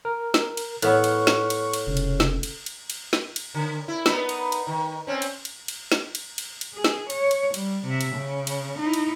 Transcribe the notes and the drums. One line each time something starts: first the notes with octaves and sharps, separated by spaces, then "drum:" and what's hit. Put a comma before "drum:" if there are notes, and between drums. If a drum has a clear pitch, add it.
A#4
drum: snare
drum: cymbal
A2 B3 C#5 C#6 F6 F#6, drum: cymbal
drum: cymbal
drum: snare
drum: cymbal
drum: cymbal
F1 C#3
drum: cymbal
drum: snare
drum: cymbal
drum: cymbal
drum: cymbal
drum: snare
drum: cymbal
D3
E4
B3 D#4 B4, drum: snare
drum: cymbal
drum: cymbal
D#3
C4 C#4
drum: cymbal
drum: cymbal
drum: cymbal
drum: snare
drum: cymbal
drum: cymbal
drum: cymbal
G#4
drum: snare
C#5, drum: cymbal
drum: cymbal
G3, drum: cymbal
C3 E5
drum: cymbal
C#3
drum: cymbal
D#4 E4
drum: cymbal